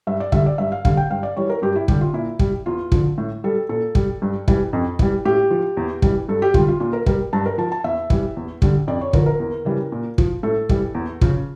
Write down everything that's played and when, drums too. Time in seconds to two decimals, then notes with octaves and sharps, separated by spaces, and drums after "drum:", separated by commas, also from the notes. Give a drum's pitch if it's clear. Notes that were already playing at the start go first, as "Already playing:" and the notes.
0.07 G2 E5
0.20 D5
0.32 D3 G3 E5, drum: kick
0.46 D5
0.58 G2 E5
0.72 F5
0.85 D3 G3 F5, drum: kick
0.97 G5
1.10 G2 F5
1.23 D5
1.37 E3 G3 C#5
1.50 A#4
1.62 G2 G4
1.76 E4
1.88 D3 G3 G4, drum: kick
2.01 F4
2.14 A#2 E4
2.39 G3, drum: kick
2.66 E2 F4
2.92 D3 F3, drum: kick
3.18 A2
3.44 G3 A4
3.69 A#2 A4
3.95 G3, drum: kick
4.22 G2
4.48 E3 G3, drum: kick
4.73 F2
4.99 E3 G3, drum: kick
5.25 A2 G4
5.51 F3
5.77 E2
6.02 E3 G3, drum: kick
6.29 G2 A4
6.42 G4
6.54 D3 G3 F4, drum: kick
6.68 F4
6.80 A#2 F4
6.93 A#4
7.06 G3 A#4, drum: kick
7.33 G2 A5
7.46 A#4
7.58 F3 A5
7.72 A5
7.84 E2 E5
8.10 E3 G3, drum: kick
8.37 E2
8.62 D3 G3, drum: kick
8.87 F2 D5
9.01 C#5
9.13 D3 F3 A#4, drum: kick
9.26 A#4
9.40 E2
9.65 C#3 E3 G3
9.92 A#2
10.18 F3, drum: kick
10.43 A2 A4
10.69 E3 G3, drum: kick
10.95 E2
11.21 C#3 F3, drum: kick